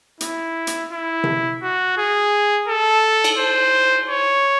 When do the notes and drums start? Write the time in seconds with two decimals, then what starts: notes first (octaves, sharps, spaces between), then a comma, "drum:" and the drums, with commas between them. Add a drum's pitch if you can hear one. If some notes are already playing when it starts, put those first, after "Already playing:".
0.21 E4, drum: hi-hat
0.67 drum: hi-hat
0.92 E4
1.24 drum: tom C3
1.62 F#4
1.98 G#4
2.68 A4
3.24 drum: cymbal
3.38 C5
4.09 C#5